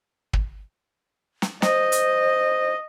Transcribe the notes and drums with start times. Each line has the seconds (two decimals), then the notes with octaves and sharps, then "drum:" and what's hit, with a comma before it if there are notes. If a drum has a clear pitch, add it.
0.33 drum: kick
1.42 drum: snare
1.62 C5 D#5, drum: snare
1.92 drum: hi-hat